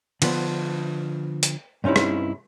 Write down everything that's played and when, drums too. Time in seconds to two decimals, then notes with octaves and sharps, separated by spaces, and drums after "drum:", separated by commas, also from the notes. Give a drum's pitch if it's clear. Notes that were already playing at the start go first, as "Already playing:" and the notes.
0.22 D3 F3 B3 D4, drum: cymbal
1.43 drum: hi-hat
1.84 G2 C3 C#4 D#4 E4
1.96 drum: rim click